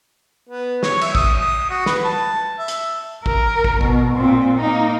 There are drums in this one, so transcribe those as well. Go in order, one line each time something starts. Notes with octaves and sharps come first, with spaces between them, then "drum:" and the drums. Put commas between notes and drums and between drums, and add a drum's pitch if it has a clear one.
B3
C#5, drum: snare
E5, drum: cymbal
D#6, drum: kick
D#6
F#4
B4, drum: snare
A5
E5
drum: hi-hat
A#4, drum: kick
drum: kick
B2, drum: kick
A#2 C4
A#3 D#4